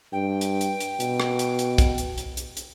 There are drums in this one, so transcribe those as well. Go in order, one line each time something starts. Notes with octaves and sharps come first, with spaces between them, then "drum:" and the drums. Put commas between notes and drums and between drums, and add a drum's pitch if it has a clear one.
G2 G5
drum: hi-hat
drum: hi-hat
drum: hi-hat
B2, drum: hi-hat
drum: rim click
drum: hi-hat
drum: hi-hat
drum: kick, hi-hat
drum: hi-hat
drum: hi-hat
drum: hi-hat
drum: hi-hat